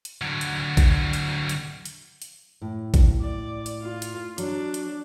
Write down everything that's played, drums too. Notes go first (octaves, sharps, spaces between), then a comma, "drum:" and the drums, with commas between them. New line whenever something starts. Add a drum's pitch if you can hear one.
drum: hi-hat
D3 F#3
drum: hi-hat
drum: kick A1, hi-hat
drum: hi-hat
drum: hi-hat
drum: hi-hat
drum: hi-hat
A2
drum: kick A1, hi-hat
D5
drum: hi-hat
F4
drum: hi-hat
F#3 D4, drum: hi-hat
drum: hi-hat